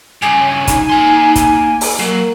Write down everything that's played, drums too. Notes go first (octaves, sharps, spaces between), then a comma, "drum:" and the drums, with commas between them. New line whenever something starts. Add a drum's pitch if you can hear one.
G2 C#3 G#5
C#5
D#4, drum: kick, hi-hat
A#3 C6
drum: kick, hi-hat
drum: open hi-hat
F#3 A#3